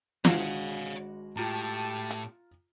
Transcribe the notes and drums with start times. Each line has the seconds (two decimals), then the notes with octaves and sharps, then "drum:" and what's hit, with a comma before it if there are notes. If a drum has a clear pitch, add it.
0.25 G#1 G#3 D4 F#4 C#5 F5, drum: snare
1.37 A2 F4 G4 A5 A#5
2.10 drum: hi-hat